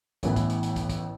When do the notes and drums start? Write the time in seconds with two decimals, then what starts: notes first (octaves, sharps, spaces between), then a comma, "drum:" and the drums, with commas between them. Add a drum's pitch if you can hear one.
0.23 A1 A2 E3 B3 E4, drum: kick, hi-hat
0.36 drum: kick, hi-hat
0.50 drum: hi-hat
0.63 drum: hi-hat
0.76 drum: kick, hi-hat
0.89 drum: kick, hi-hat